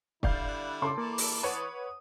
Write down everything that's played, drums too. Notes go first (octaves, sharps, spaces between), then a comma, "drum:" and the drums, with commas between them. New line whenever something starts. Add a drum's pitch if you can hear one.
D3 G3 E4 D5 F5 G6, drum: kick
F#6
C#3 A4 C6 D6
E3 A#3 D5 A5
drum: open hi-hat
B4 C#5 F#5 D#6